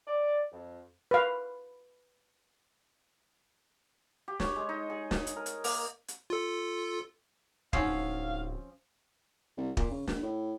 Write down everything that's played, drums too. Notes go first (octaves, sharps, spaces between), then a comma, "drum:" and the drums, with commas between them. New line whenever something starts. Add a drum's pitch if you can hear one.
D5
F2
B4 F5
G4
C#5, drum: snare
G#3
D#4
G#4
drum: snare
drum: hi-hat
A#4
drum: hi-hat
A#3, drum: open hi-hat
drum: hi-hat
F4 A4
D1 F3 C4 C#4 D#4 F5 F#5 C7, drum: kick
C2
A#2, drum: kick
C#3
A#1, drum: snare
A2